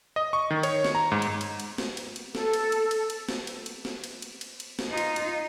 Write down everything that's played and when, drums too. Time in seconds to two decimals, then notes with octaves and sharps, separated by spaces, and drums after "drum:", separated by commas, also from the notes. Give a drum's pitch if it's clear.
0.16 D#5
0.33 C#6
0.50 D#3
0.63 C#5, drum: cymbal
0.85 drum: snare
0.95 A#5
1.12 G#2
1.22 drum: cymbal
1.41 drum: cymbal
1.60 drum: cymbal
1.78 drum: snare
1.97 drum: cymbal
2.16 drum: cymbal
2.35 A4, drum: snare
2.53 drum: cymbal
2.72 drum: cymbal
2.91 drum: cymbal
3.10 drum: cymbal
3.29 drum: snare
3.47 drum: cymbal
3.66 drum: cymbal
3.85 drum: snare
4.04 drum: cymbal
4.22 drum: cymbal
4.41 drum: cymbal
4.60 drum: cymbal
4.79 drum: snare
4.88 D#4 F4
4.97 drum: cymbal
5.16 drum: cymbal